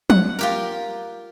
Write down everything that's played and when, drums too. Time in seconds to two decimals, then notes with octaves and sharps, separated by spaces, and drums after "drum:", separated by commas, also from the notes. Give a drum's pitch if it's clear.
0.10 F#5, drum: tom
0.39 F4 G4 A#4